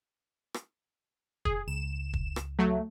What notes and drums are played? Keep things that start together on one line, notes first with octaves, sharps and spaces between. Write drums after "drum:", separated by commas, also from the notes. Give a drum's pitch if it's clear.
drum: rim click
G#4, drum: kick
C#2 E7
drum: kick
drum: rim click
F#3 A3